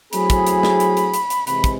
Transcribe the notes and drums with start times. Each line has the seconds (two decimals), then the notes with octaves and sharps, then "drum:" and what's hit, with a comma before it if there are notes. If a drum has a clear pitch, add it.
0.13 F#3 A3 C4 E4 G#4 B5, drum: hi-hat
0.30 drum: kick, hi-hat
0.47 drum: hi-hat
0.63 drum: snare
0.80 drum: hi-hat
0.97 drum: hi-hat
1.14 drum: hi-hat
1.30 drum: hi-hat
1.47 C3 E3 G#3 B5, drum: hi-hat
1.64 drum: kick, hi-hat